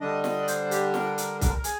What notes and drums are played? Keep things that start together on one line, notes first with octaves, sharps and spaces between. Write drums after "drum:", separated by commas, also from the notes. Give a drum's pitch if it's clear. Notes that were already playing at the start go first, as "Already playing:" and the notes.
D3 G3 D4 D#5
D#5, drum: snare
D5
C5, drum: hi-hat
G4, drum: hi-hat
A#4, drum: snare
A#4, drum: hi-hat
A#4, drum: kick C2, hi-hat
A#4
G#4, drum: hi-hat